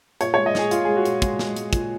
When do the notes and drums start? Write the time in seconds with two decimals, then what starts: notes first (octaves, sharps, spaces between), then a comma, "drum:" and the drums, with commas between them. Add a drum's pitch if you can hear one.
0.21 A#2 C#5, drum: hi-hat
0.34 G#3 C#5
0.46 D#5
0.55 A#2 G#4, drum: snare
0.71 A#2 F4, drum: hi-hat
0.85 G#3 G#4
0.97 F#4
1.05 A#2, drum: hi-hat
1.22 G#3, drum: kick, hi-hat
1.39 G#3, drum: snare
1.56 G#3, drum: hi-hat
1.73 A#2, drum: kick, hi-hat